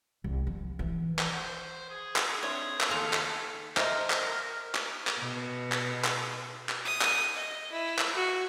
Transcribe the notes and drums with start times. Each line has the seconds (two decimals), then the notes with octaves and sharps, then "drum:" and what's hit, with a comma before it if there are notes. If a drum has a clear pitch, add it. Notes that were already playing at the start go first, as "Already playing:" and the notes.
0.24 C2
0.47 F3
0.79 E3
1.19 drum: clap
1.33 C5 F#5 C#6
1.90 G#4
2.16 drum: clap
2.43 C4 D4 C5 C#5 E5
2.81 drum: clap
2.90 D#2 D#3 A4 C5 F5 G#5
3.13 drum: clap
3.77 A#4 C5 D#5 E5, drum: clap
4.10 drum: clap
4.75 drum: clap
5.07 drum: clap
5.21 B2
5.72 drum: clap
6.04 drum: clap
6.69 drum: clap
6.85 D#6
7.01 drum: clap
7.35 D#5
7.72 E4
7.99 drum: clap
8.15 F#4